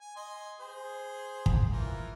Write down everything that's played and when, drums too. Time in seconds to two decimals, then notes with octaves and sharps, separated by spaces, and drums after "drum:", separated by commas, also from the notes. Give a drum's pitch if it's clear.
0.01 G#5
0.16 D#5 G#5 C6
0.60 G#4 C5
1.46 drum: kick
1.72 E3 F4 A#4